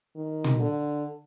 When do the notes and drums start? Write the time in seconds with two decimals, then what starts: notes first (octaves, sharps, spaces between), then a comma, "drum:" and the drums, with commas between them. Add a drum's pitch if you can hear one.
0.16 D#3
0.44 drum: tom
0.60 D3